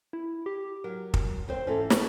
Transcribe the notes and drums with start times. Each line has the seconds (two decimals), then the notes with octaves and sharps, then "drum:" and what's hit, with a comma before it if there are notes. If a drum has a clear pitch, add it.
0.13 E4
0.46 G4
0.84 F#3 A#4
1.14 drum: kick
1.48 D#2 C4 C5
1.67 G#2 E3 C#4 A4
1.90 C#6, drum: snare